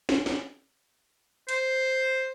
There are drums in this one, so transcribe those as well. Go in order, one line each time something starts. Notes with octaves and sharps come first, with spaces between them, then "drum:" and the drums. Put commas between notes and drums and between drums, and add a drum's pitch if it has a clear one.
drum: snare
drum: snare
C5, drum: hi-hat